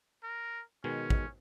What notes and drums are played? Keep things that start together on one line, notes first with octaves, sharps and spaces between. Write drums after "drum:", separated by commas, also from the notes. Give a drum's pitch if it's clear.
A#4
B2 D#3 G#3 C#4
drum: kick